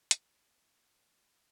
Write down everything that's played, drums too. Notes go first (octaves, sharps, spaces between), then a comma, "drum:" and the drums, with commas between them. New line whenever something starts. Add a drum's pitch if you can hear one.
G#1 G#3, drum: hi-hat
F#4 C#6